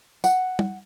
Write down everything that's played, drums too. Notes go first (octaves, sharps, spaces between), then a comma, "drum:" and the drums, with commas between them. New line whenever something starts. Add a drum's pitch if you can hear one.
F#5, drum: tambourine
drum: tom